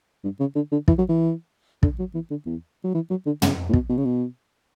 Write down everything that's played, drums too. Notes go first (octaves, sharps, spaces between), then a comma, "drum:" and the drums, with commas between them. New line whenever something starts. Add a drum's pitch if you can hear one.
G2
C#3
D3
D3
E3, drum: kick
F#3
E3
D3, drum: kick
F#3
E3
D3
E2
F#3
E3
F#3
D3
C#3, drum: tom
A2
B2, drum: kick
B2
C#3
B2